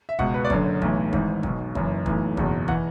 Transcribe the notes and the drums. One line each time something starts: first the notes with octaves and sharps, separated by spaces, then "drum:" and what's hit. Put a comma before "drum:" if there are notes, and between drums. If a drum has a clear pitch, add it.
E5
C#2 B2 F#5, drum: kick
B4
D5
F#1 F#2 D3 C#5, drum: kick
B1 A2 E3, drum: kick
G#1 G#2 E3, drum: kick
B1, drum: kick
B2
F#1 F#2 E3, drum: kick
B1 A2 E3, drum: kick
F#1 E2 B2, drum: kick
E3 F#5, drum: kick